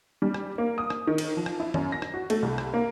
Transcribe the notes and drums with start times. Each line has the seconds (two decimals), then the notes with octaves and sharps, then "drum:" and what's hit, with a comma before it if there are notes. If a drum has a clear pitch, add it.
0.22 G3
0.34 drum: rim click
0.58 A#3
0.78 D#6
0.90 drum: rim click
1.07 D#3
1.18 drum: cymbal
1.37 F3
1.46 drum: rim click
1.60 E4
1.74 F#2, drum: tom D#3
1.92 A#6
2.02 drum: rim click
2.14 F#4
2.30 A3, drum: cymbal
2.43 C2
2.58 drum: rim click
2.74 A#3